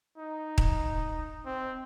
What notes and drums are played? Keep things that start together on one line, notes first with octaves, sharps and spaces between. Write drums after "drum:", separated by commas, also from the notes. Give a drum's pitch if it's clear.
D#4
drum: kick D#1
C4